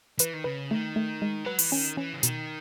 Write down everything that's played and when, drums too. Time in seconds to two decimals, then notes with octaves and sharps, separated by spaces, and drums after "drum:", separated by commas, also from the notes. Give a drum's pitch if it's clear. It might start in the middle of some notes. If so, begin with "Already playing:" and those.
0.19 E3 B4, drum: hi-hat
0.33 D#3
0.44 C#3 B4
0.70 D#3 A3
0.96 A3
1.22 G#3
1.45 F#3 B4
1.59 E3, drum: open hi-hat
1.72 D#3 C#4
1.97 E3 C#4
2.13 C#3
2.23 B2 D#3, drum: hi-hat